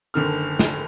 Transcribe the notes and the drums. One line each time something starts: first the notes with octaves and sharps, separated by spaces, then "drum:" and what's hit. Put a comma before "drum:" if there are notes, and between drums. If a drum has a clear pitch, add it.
F#1 D3 D#3 F6
drum: snare